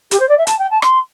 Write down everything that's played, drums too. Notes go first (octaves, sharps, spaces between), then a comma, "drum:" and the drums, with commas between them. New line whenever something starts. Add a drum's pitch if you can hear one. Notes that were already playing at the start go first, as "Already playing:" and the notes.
G4, drum: hi-hat
C5
D5
E5
A5, drum: hi-hat
G5
A5
C6, drum: rim click